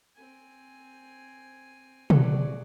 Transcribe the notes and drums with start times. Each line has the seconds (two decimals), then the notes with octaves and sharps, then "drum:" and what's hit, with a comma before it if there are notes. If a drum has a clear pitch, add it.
0.16 C4 G#5
2.10 F#3 G#4 A4 D5, drum: tom